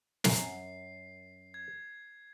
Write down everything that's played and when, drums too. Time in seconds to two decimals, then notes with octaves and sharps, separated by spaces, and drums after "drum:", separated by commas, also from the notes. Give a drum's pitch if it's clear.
0.24 F#2 C7, drum: snare
1.54 G#6